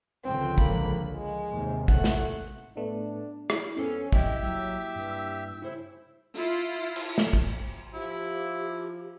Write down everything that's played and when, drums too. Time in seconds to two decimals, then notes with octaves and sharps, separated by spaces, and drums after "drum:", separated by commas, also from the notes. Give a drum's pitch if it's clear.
0.24 C#2 D3 F3 C4 G5
0.58 A#3 B5, drum: kick
1.15 G#3
1.51 D#2 G#2 C3
1.88 A3 F#5, drum: kick
2.04 drum: snare
2.77 A2 A3 B3 D4
3.50 E4, drum: rim click
3.77 F2 B3 C#4 A4
4.12 C2 A#3 E4 G4 D#5 E5 G5, drum: kick
4.43 F#3 E6
4.96 G2
5.62 C#3 E4 C5
6.35 E4 F4
6.96 drum: cymbal
7.18 drum: snare
7.33 drum: kick
7.94 F3 E4 G4